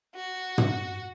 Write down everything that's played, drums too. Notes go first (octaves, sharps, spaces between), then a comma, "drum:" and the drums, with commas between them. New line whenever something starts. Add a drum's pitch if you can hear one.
F#4
drum: tom